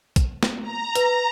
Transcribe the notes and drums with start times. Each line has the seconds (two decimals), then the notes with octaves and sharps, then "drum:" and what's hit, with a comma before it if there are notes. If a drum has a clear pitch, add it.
0.16 drum: kick, hi-hat
0.43 drum: snare
0.61 A#5
0.95 B4, drum: hi-hat